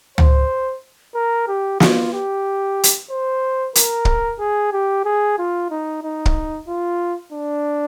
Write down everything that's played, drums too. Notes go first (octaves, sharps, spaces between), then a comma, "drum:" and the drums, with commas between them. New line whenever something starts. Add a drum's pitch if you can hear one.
C5, drum: tom
A#4
G4
F4, drum: snare
G4
drum: hi-hat
C5
A#4, drum: hi-hat
drum: kick
G#4
G4
G#4
F4
D#4
D#4
drum: kick
F4
D4